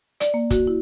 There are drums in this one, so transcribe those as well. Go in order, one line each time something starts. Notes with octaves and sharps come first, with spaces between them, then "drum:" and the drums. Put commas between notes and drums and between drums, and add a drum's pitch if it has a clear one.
D5, drum: hi-hat
A#3
F#4, drum: kick, hi-hat
E4